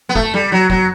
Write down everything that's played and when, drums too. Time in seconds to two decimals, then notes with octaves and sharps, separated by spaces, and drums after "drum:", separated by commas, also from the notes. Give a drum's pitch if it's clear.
0.09 B3
0.15 A3, drum: kick
0.34 G3
0.52 F#3
0.70 F#3, drum: kick